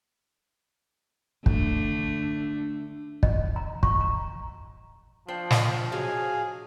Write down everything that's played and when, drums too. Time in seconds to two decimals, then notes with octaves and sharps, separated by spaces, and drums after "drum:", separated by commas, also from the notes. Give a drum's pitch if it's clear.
1.46 D3 A3, drum: kick
3.23 D#5, drum: kick
3.56 A#5
3.83 C#6, drum: kick
4.01 A#5
5.28 F3 D4 C5 G5
5.51 drum: snare
5.92 F#3 F#4 G#4 D#5 F5 G#5